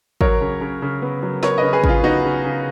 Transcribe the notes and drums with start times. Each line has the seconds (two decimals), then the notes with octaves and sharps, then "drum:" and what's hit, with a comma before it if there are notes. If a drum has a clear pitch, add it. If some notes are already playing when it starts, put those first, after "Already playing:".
0.21 F#3 A#4 C#5, drum: kick
0.41 C#3
0.61 C#3
0.82 C#3
1.02 B3
1.23 F#3
1.43 B3 A#4 C#5, drum: snare
1.58 C#3 B4 D#5
1.73 G#4 B4
1.84 C#3, drum: kick
1.89 F4
2.04 B3 D#4 F#4
2.24 C#3
2.44 C#3